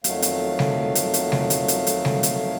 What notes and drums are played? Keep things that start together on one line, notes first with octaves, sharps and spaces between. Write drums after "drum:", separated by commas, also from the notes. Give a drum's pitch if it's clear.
F2 D#3 F#3 A3 F5, drum: hi-hat
drum: hi-hat
drum: snare
drum: hi-hat
drum: hi-hat
drum: snare
drum: hi-hat
drum: hi-hat
drum: hi-hat
drum: snare
drum: hi-hat